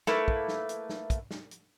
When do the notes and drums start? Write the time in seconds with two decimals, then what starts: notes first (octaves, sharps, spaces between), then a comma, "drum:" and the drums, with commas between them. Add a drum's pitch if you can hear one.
0.07 A3 A#3 E4 B4, drum: snare
0.28 drum: kick
0.48 drum: snare
0.69 drum: hi-hat
0.89 drum: snare
1.10 drum: kick, hi-hat
1.31 drum: snare
1.51 drum: hi-hat